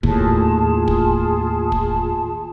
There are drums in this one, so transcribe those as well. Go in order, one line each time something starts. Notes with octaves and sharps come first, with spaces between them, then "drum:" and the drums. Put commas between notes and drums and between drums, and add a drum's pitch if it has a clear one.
D#2 A2 F4 G#4 A5, drum: kick
drum: kick
drum: kick